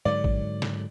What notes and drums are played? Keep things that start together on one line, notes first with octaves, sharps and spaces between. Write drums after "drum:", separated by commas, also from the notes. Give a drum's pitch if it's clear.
G#2 D3 F#3 D5
drum: kick A1
drum: snare